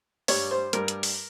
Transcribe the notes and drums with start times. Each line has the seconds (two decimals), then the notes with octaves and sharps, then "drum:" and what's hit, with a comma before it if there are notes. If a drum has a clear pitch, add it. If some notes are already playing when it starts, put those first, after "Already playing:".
0.28 G2 G3 C#5, drum: open hi-hat
0.51 C5
0.73 G2 G3 A#4, drum: hi-hat
0.88 drum: hi-hat
1.03 drum: open hi-hat